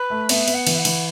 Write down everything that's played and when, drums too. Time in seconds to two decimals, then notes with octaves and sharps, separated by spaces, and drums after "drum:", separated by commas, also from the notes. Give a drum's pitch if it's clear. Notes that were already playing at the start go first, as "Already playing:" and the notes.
Already playing: B4
0.10 A3
0.29 B3 E5, drum: cymbal
0.48 B3, drum: cymbal
0.54 F#5
0.67 E3, drum: cymbal
0.73 E5
0.79 F#5
0.85 E3, drum: cymbal